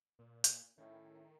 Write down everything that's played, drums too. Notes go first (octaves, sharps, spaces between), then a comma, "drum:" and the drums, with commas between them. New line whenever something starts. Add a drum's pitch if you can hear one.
A#2
drum: hi-hat
A2 D#3 C#4 E4